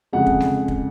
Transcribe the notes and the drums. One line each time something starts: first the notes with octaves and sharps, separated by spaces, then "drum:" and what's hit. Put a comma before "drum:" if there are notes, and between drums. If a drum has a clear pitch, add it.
F2 C#3 F3 G#3 F#5
drum: kick
drum: snare G3
drum: kick